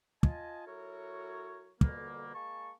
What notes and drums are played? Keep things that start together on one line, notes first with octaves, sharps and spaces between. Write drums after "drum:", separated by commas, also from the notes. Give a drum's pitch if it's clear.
F4 D#5 G#5 A5, drum: kick
F#3 E4 F#4 A4 A#4 C#5
F2 B2 D3 G3 A#3, drum: kick
G#3 A#3 G#5 A5 C#6